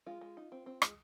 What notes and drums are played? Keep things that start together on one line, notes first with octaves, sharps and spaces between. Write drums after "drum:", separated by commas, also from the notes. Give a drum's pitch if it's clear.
G#3 F4
G#3
D#4
C4
C4
G#3, drum: rim click